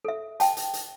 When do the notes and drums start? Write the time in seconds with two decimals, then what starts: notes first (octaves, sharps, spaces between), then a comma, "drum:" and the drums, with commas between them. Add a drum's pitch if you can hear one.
0.05 A4 E5
0.40 G5 A5, drum: hi-hat
0.57 drum: hi-hat
0.73 drum: hi-hat